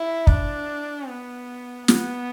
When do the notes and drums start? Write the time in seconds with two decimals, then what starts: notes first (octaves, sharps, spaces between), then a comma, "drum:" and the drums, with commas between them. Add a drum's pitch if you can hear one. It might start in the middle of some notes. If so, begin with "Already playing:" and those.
Already playing: E4
0.27 D4, drum: kick
1.08 B3
1.88 B3, drum: snare